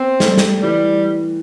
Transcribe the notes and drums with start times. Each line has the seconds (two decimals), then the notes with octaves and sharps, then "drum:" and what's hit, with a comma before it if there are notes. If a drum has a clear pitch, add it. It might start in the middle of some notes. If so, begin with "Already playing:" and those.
Already playing: B3 C4
0.20 A3, drum: snare
0.28 G3
0.38 drum: snare
0.62 E3 G3